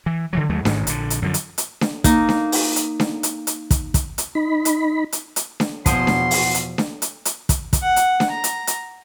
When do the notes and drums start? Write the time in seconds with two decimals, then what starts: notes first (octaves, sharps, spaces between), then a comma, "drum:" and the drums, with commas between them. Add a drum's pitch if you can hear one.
0.06 E3
0.33 D3 E3 F#3
0.50 D#2 F#3 G#3 A3
0.65 A1 G#2 D#3 G#3, drum: snare D4
0.87 A#1 D3, drum: hi-hat
1.10 drum: hi-hat
1.22 F#2 D3 D#3 F3
1.34 drum: hi-hat
1.58 drum: hi-hat
1.81 drum: snare D4
2.04 A#3 D#4, drum: kick, hi-hat
2.29 drum: snare D4
2.52 drum: open hi-hat
2.76 drum: hi-hat
3.00 drum: snare D4
3.23 drum: hi-hat
3.47 drum: hi-hat
3.71 drum: kick, hi-hat
3.94 drum: kick, hi-hat
4.18 drum: hi-hat
4.35 D#4 B5
4.65 drum: hi-hat
5.12 drum: hi-hat
5.36 drum: hi-hat
5.60 drum: snare D4
5.86 E2 B2 F3 G#4 C5 F#5 C6, drum: kick, hi-hat
6.07 drum: snare D4
6.31 drum: open hi-hat
6.54 drum: hi-hat
6.78 drum: snare D4
7.02 drum: hi-hat
7.25 drum: hi-hat
7.49 drum: kick, hi-hat
7.73 drum: kick, hi-hat
7.83 F#5
7.96 drum: hi-hat
8.20 drum: snare D4
8.30 A#5
8.44 drum: hi-hat
8.67 drum: hi-hat